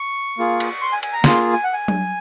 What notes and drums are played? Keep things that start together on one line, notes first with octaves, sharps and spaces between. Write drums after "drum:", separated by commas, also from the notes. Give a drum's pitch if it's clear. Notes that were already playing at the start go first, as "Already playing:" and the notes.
Already playing: C#6
A#3 F4 G#4
drum: cymbal
C6
G#5
G#5, drum: cymbal
A#5
A#3 F4 G#4 C6, drum: snare
G#5
F#5
G#5
drum: tom F#3